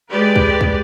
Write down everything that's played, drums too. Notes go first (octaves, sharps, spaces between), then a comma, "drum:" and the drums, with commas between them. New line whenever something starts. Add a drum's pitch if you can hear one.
G#3 G4 B4 D5
drum: kick
drum: kick